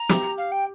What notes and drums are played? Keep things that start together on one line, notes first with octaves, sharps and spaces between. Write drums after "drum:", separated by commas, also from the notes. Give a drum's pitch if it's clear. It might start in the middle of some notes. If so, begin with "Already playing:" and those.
Already playing: A#5
G4, drum: snare
F5
G5